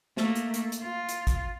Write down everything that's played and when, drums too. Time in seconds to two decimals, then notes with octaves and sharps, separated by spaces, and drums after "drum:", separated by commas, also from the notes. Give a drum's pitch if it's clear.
0.17 A3 A#3, drum: snare
0.35 drum: hi-hat
0.54 drum: hi-hat
0.72 drum: hi-hat
0.83 F4
1.09 drum: hi-hat
1.27 drum: kick G#1, hi-hat